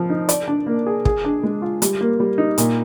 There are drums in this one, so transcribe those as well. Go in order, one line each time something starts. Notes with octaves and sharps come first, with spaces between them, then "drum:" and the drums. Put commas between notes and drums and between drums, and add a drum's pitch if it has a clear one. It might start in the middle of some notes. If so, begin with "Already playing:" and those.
Already playing: F3 C4
D#4
D5, drum: hi-hat
D4
A#3
G#4
G#4, drum: kick
D4
G#3
F4
G3, drum: hi-hat
A#3
G3
D#4
A#2, drum: hi-hat